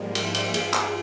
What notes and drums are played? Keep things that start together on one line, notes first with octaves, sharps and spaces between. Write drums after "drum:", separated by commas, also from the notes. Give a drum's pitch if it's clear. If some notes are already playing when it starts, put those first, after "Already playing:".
Already playing: G#2 F3 G3 G#3 A#3
E4 G4, drum: cymbal
drum: cymbal
G2 E3 F4 G#4, drum: cymbal
drum: clap